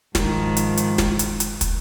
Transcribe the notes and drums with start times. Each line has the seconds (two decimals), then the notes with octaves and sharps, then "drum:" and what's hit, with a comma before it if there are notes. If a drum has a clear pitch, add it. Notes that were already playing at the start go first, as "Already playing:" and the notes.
0.15 G#2 D#3 F3, drum: snare
0.57 drum: hi-hat
0.77 drum: hi-hat
0.98 drum: snare
1.19 drum: hi-hat
1.40 drum: hi-hat
1.61 drum: kick, hi-hat